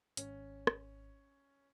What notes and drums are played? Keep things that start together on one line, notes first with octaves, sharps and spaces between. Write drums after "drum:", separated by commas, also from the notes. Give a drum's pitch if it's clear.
G#1 C#4, drum: hi-hat
drum: rim click